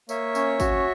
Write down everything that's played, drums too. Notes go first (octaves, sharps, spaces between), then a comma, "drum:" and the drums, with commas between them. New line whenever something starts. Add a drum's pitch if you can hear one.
A#3 C#5 E5, drum: tambourine
C#4, drum: tambourine
F#4, drum: kick, tambourine